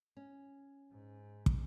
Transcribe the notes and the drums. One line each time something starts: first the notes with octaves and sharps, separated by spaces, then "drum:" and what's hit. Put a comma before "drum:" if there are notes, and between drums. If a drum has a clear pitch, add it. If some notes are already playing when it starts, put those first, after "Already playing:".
C#4
G#2
drum: kick